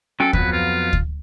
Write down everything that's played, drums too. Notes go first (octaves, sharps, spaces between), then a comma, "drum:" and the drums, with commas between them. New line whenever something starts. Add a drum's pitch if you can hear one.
F#3 C#4 A4 G5
F2 F#3 B3 B4, drum: kick D2
F4
drum: kick D2